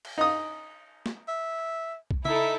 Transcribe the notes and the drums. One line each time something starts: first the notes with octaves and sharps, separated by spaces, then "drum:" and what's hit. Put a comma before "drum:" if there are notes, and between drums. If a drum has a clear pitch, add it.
drum: cymbal
D#4 D#6
drum: snare
E5
drum: kick B1
D#4 E4 A4 E5, drum: tom C#3